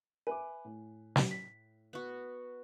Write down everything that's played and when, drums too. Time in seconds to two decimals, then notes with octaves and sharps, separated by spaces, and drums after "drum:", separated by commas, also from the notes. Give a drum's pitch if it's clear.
0.27 B4 E5 G#5 D6
0.65 A2
1.16 drum: snare
1.31 B6
1.93 B3 F#4